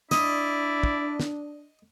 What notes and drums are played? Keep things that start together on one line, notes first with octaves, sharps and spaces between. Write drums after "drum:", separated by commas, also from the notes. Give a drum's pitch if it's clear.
D4 E4 D5 D#5, drum: snare
drum: kick
drum: snare